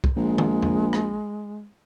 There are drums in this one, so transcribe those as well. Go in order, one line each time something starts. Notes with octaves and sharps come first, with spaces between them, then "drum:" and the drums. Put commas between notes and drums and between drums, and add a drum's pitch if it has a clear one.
drum: kick C2
A#1 G#3
drum: tom D#3
drum: tom E2
drum: rim click